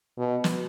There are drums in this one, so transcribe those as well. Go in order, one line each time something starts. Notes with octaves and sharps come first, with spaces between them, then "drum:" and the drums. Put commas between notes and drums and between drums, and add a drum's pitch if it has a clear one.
B2
drum: snare